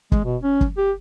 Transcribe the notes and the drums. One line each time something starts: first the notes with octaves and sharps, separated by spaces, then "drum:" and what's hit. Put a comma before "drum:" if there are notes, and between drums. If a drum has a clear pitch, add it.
G#3, drum: kick
B2
C#4
drum: kick
G4